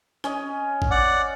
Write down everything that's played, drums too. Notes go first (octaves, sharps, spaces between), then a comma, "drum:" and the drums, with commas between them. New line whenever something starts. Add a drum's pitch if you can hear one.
C#4 D#5, drum: rim click
drum: kick
D5 F#5